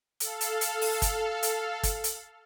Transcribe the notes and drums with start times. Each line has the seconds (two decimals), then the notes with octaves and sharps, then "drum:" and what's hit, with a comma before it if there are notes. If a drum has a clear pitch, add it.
0.20 A4 F5, drum: hi-hat
0.41 drum: hi-hat
0.61 drum: hi-hat
0.81 drum: open hi-hat
1.02 drum: kick, hi-hat
1.43 drum: hi-hat
1.83 drum: kick, hi-hat
2.04 drum: hi-hat